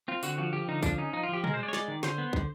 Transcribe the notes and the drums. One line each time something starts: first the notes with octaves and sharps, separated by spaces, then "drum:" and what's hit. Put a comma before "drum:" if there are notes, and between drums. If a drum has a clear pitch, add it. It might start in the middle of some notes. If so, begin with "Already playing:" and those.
C4 F4
D3 F#4, drum: tambourine
F3 F#4
F3 G4
D3 D#4
F3 D4, drum: kick, tambourine
C#4 D#4
F3 D#4
F4
F3 G4
G#3 A#4, drum: tom
C5
G#3 D5
C#5
G#3 D5, drum: snare
D#3
D3 C5, drum: snare
B3
D3, drum: kick